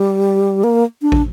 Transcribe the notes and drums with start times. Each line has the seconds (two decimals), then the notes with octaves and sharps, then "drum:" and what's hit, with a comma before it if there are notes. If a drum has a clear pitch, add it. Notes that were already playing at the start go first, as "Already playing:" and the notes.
Already playing: G3
0.64 A#3
1.02 D4
1.12 drum: kick